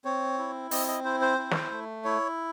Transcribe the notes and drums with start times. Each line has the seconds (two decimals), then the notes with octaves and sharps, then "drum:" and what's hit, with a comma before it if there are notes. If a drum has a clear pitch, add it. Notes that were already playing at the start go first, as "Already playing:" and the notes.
0.05 C4 C#5
0.38 E4
0.71 C4 D#5, drum: open hi-hat
0.88 D#5
1.04 E4 C5
1.21 C5
1.38 E4
1.51 drum: snare
1.71 A3
2.04 E4 C#5